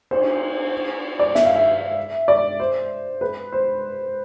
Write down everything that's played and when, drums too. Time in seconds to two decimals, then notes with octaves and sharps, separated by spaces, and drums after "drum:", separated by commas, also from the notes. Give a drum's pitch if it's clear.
0.11 C5, drum: cymbal
1.19 D5
1.35 E5, drum: snare
1.45 F5
1.56 E5
2.28 D5
2.60 C5
3.21 B4
3.52 C5